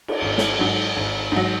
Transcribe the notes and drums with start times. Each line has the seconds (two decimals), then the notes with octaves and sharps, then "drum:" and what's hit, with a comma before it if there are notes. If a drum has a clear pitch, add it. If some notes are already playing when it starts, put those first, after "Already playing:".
0.08 drum: cymbal
0.21 G#1
0.38 drum: snare
0.59 G#2 F#3
0.96 G#1
1.32 G#2 F#3